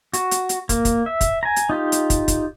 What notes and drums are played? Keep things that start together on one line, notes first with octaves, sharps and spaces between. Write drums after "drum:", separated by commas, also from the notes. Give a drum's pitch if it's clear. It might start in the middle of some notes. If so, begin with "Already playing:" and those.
F#4, drum: hi-hat
drum: hi-hat
drum: hi-hat
A#3, drum: kick, hi-hat
drum: kick, hi-hat
E5
drum: kick, hi-hat
G#5 A#5
drum: hi-hat
D#4 F4 G4
drum: hi-hat
drum: kick, hi-hat
drum: kick, hi-hat